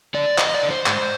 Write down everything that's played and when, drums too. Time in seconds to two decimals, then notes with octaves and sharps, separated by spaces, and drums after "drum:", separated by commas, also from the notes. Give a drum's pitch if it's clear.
0.14 D3 D5
0.38 F2 D#5, drum: clap
0.54 D5
0.63 D3
0.70 C5
0.86 G#2, drum: clap